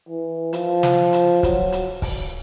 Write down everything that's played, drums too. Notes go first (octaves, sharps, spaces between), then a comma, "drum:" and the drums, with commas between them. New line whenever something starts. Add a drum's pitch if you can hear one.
E3
F3, drum: hi-hat
drum: snare
drum: hi-hat
F#3, drum: kick, hi-hat
drum: hi-hat
drum: kick, open hi-hat